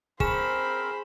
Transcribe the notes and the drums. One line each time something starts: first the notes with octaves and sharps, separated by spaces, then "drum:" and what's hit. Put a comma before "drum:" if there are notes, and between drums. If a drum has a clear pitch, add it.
C4 G#4 A#4 C5 G#5 B5 E7, drum: kick